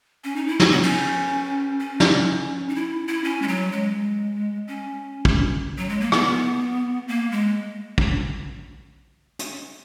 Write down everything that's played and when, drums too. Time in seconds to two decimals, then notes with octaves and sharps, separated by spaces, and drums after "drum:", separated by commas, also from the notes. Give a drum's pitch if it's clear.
0.24 C#4
0.36 D#4
0.47 E4
0.60 F#4, drum: snare
0.71 B3
0.83 C#4, drum: cymbal
1.80 C#4
2.00 drum: snare
2.69 D#4
2.76 E4
3.08 E4
3.24 C#4
3.42 G#3
3.48 F#3
3.72 G#3
4.68 C#4
5.25 drum: kick
5.78 F#3
5.89 G#3
6.01 A#3
6.12 B3, drum: rim click
7.08 A#3
7.32 G#3
7.98 drum: kick
9.39 drum: hi-hat